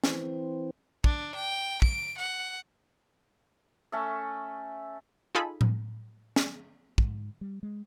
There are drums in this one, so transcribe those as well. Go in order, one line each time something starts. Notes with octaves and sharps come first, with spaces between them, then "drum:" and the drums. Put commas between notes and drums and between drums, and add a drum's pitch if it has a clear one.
E3 C4, drum: snare
D4, drum: kick
G5
D7, drum: kick
F#5
A3 C#4 A4 E5
D#4 F4 G#4 A4 G#5 B5
drum: tom A2
drum: snare
G#2, drum: kick
G3
G#3